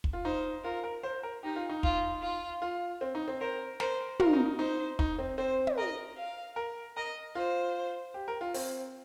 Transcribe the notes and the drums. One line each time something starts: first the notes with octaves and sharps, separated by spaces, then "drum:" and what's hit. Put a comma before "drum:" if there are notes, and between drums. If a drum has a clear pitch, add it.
drum: kick
F4
D#4 C5
F4 A#4
A#4
C5
A#4
D#4 G4
F4
D#4
F4, drum: kick
F4
F4
C4
D#4
C4
A#4 C5
A#4 C5, drum: snare
F4 A#4, drum: tom
D#4
D#4
D#4 C5
D#4, drum: kick
C4
C4 C5
drum: tom
A#4 D#5
F5
A#4
A#4 D#5
F4 C5
G4
A#4
F4
C4, drum: open hi-hat